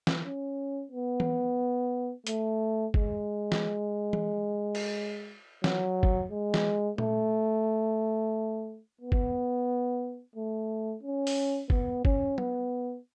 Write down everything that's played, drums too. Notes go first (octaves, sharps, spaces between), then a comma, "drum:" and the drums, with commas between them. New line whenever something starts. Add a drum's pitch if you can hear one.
drum: snare
C#4
B3
drum: tom E3
A3, drum: hi-hat
G#3, drum: kick
drum: snare
drum: tom E3
drum: cymbal
F#3, drum: snare
drum: kick
G#3
drum: snare
A3, drum: tom A#2
B3
drum: kick
A3
C#4
drum: open hi-hat
B3, drum: kick
C#4, drum: kick
B3, drum: tom